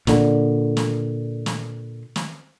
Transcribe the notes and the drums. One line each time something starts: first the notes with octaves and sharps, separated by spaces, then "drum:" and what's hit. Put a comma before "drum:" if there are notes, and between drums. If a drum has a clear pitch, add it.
A#2 D3, drum: snare
drum: snare
drum: snare
drum: snare